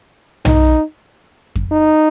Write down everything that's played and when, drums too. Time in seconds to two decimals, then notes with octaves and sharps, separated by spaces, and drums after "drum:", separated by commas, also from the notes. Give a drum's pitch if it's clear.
0.45 D#4, drum: tom B1
1.56 drum: kick F2
1.72 D#4